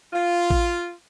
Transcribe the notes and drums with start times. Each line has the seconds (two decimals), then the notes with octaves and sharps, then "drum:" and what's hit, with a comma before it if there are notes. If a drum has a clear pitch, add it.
0.13 F4
0.50 drum: kick A1